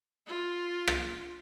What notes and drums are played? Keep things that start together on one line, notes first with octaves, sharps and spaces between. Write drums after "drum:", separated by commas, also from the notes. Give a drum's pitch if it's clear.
F4
drum: rim click